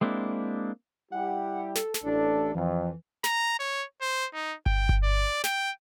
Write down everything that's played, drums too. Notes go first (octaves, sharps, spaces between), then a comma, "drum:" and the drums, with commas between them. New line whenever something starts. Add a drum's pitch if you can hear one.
G#3 A#3 C4 D4 E4
G3 E4 G4 F#5
A4, drum: snare
drum: snare
A1 D4
F2 E3
A#5, drum: snare
C#5
C5
D#4
G5, drum: kick G1
drum: kick G1
D5
G5, drum: snare